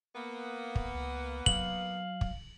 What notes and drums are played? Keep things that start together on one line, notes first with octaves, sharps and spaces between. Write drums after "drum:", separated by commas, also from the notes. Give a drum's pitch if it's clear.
A#3 B3
drum: kick
C#2
F#3 F5 F#7, drum: kick
drum: kick